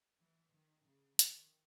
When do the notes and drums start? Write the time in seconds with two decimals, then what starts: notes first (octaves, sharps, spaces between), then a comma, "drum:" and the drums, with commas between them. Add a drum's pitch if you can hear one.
0.19 E3
0.53 D#3
0.86 C#3
1.19 D#3, drum: hi-hat